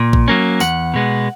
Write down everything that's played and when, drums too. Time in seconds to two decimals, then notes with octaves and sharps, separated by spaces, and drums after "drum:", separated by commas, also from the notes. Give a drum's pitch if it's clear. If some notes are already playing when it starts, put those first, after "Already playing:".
Already playing: A#2
0.13 drum: kick A#1
0.28 F#3 A#3 C#4
0.60 E2 F#5, drum: tambourine
0.94 B2 G#3 B3